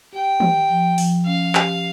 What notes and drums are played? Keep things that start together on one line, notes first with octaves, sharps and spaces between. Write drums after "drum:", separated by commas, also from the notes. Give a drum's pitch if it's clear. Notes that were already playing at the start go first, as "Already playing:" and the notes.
G4 G5
G4, drum: tom D#3
F3
F3, drum: open hi-hat
C#4 F5
G4, drum: clap